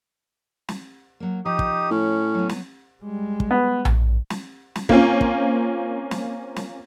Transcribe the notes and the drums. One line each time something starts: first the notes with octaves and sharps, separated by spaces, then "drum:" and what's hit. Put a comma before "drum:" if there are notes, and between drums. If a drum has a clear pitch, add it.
drum: snare
F#3 A#3
F3 D#4 G4 D#6
drum: kick
A2 C#4
F#3 B3
drum: snare
G3 G#3
drum: kick
B3
drum: tom A#1
drum: snare
drum: snare
A#3 C4 C#4 F4, drum: kick
drum: kick
drum: snare
drum: snare